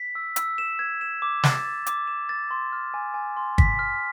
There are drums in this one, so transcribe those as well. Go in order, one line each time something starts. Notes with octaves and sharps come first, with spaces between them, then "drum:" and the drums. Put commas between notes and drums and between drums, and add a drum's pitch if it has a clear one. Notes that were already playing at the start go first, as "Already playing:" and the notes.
Already playing: B6
E6
E6, drum: hi-hat
E7
G#6
E7
D6
A6, drum: snare
A6
D6, drum: hi-hat
E7
A6
C6
F6
G#5
G#5
C6
B6, drum: kick
F6